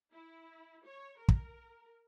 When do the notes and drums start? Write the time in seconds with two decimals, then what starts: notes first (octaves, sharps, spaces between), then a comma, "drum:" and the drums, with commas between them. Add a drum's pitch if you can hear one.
0.10 E4
0.84 C#5
1.17 A#4
1.28 drum: kick